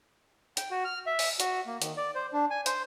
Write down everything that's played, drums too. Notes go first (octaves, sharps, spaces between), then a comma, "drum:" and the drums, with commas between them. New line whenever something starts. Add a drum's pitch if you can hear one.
G5, drum: hi-hat
F#4
F6
E5
drum: open hi-hat
F#4, drum: hi-hat
A#3
D#3, drum: hi-hat
D5
C5
D4
G#5
C5, drum: hi-hat